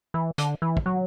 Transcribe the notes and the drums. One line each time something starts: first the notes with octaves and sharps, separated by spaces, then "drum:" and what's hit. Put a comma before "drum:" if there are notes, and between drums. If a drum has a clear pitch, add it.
E3
D3, drum: hi-hat
E3
drum: kick
F#3